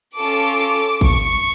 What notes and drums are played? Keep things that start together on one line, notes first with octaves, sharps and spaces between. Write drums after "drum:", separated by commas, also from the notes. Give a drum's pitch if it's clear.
C#4 F4 A4 D6
C#6, drum: kick